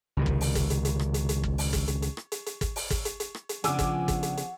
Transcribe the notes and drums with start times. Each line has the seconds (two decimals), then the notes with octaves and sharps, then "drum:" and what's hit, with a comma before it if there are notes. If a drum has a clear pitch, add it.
0.17 C#2 C3 D#3
0.26 drum: kick
0.41 drum: open hi-hat
0.55 drum: kick, hi-hat
0.70 drum: hi-hat
0.85 drum: hi-hat
0.99 drum: rim click
1.14 drum: hi-hat
1.29 drum: hi-hat
1.44 drum: kick
1.58 drum: open hi-hat
1.73 drum: kick, hi-hat
1.88 drum: hi-hat
2.02 drum: hi-hat
2.17 drum: rim click
2.32 drum: hi-hat
2.46 drum: hi-hat
2.61 drum: kick, hi-hat
2.76 drum: open hi-hat
2.90 drum: kick, hi-hat
3.05 drum: hi-hat
3.20 drum: hi-hat
3.35 drum: rim click
3.49 drum: hi-hat
3.64 C#3 F3 B3 D4 F#5 G#5 D6 E6, drum: hi-hat
3.79 drum: kick, hi-hat
4.08 drum: kick, hi-hat
4.23 drum: hi-hat
4.37 drum: hi-hat